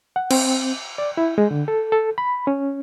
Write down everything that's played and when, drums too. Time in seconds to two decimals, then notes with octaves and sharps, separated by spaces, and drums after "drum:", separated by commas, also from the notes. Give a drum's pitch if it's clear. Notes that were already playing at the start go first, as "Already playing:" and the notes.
0.16 F#5
0.31 C4, drum: cymbal
0.98 D5
1.17 E4
1.38 G#3
1.51 D3
1.68 A4
1.92 A4
2.18 B5
2.47 C#4